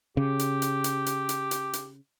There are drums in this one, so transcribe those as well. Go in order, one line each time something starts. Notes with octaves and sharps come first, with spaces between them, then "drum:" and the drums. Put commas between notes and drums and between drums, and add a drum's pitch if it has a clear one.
C#3 G4
drum: hi-hat
drum: hi-hat
drum: hi-hat
drum: hi-hat
drum: hi-hat
drum: hi-hat
drum: hi-hat